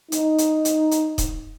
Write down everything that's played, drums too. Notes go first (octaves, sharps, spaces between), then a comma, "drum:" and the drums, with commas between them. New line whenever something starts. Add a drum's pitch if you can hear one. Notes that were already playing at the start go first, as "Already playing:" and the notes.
D#4, drum: hi-hat
drum: hi-hat
drum: hi-hat
drum: hi-hat
drum: kick D#1, hi-hat